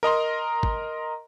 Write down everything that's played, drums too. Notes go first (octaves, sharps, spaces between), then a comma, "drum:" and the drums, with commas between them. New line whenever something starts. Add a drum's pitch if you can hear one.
A#4 D#5 A#5 C6
drum: kick